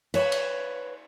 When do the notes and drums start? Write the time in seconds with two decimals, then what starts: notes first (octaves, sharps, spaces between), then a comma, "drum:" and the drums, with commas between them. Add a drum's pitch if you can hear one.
0.14 B4 C#5, drum: cymbal
0.32 drum: cymbal